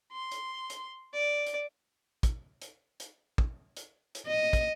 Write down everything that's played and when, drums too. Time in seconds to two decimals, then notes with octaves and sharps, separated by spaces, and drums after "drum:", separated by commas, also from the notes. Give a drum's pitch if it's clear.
0.12 C6
0.32 drum: hi-hat
0.70 drum: hi-hat
1.13 D5
1.47 drum: hi-hat
2.23 drum: kick, hi-hat
2.62 drum: hi-hat
3.00 drum: hi-hat
3.38 drum: kick
3.77 drum: hi-hat
4.15 drum: hi-hat
4.28 D#5
4.53 drum: kick, hi-hat